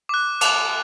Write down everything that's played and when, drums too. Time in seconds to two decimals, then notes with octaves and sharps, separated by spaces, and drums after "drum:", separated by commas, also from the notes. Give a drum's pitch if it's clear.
0.09 D6 F#6
0.41 D6 F#6, drum: cymbal